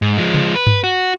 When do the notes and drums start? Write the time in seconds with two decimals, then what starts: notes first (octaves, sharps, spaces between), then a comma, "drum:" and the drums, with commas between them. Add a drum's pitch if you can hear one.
0.02 G#2
0.18 F3 G#3
0.34 drum: tom C#3
0.55 B4
0.67 drum: tom G2
0.84 F#4